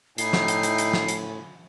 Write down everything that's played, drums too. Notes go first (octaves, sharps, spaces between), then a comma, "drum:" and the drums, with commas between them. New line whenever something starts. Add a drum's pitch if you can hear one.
A2 D#4 E4 G5 G#5 B5 C7, drum: hi-hat
drum: snare
drum: hi-hat
drum: hi-hat
drum: hi-hat
drum: snare
drum: hi-hat